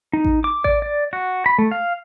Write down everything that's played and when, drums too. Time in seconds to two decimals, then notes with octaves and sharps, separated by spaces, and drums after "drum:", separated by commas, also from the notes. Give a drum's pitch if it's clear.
0.13 D#4
0.25 drum: kick A1
0.44 D6
0.64 D5, drum: kick A1
0.82 D5
1.13 F#4
1.46 B5
1.58 A3
1.71 F5